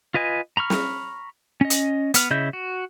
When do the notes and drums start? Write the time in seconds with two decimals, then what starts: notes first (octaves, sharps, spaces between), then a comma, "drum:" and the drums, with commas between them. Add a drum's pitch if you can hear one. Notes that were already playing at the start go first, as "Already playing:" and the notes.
0.14 F4 B4 D#5 G#5
0.57 A#5 B5 C#6 F6
0.70 drum: snare
1.61 C#4 D#5
1.70 drum: hi-hat
2.14 B3 F6, drum: hi-hat
2.31 C#3 E4 D#5 E5 G6
2.53 F#4